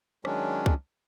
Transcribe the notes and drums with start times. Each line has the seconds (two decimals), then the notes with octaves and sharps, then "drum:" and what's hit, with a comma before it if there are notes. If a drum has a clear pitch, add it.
0.25 D#3 F#3 G#3 C#4 D4, drum: rim click
0.66 drum: kick